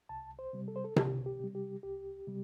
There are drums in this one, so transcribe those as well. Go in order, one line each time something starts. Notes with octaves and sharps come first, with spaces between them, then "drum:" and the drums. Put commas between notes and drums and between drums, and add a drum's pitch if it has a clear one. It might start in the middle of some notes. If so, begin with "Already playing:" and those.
C2 A5
C5
C3 G3
A4
C5
A4
C2 G4, drum: tom C3
G4
C3 G3
G4
C2 G4
C3 G3